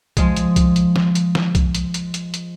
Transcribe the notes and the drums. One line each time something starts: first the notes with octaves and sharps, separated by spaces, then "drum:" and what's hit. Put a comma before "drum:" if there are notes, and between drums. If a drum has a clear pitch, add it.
F3 G#3 G#4, drum: kick B1, hi-hat
drum: hi-hat
drum: kick B1, hi-hat
drum: hi-hat
drum: snare
drum: hi-hat
drum: snare
drum: kick B1, hi-hat
drum: hi-hat
drum: hi-hat
drum: hi-hat
drum: hi-hat